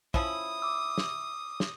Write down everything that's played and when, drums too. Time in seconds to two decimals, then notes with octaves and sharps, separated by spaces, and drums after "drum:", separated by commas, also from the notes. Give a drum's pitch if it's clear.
0.14 F3 C#4 E4 D#6, drum: kick
0.62 D6 E6
0.98 drum: snare
1.60 drum: snare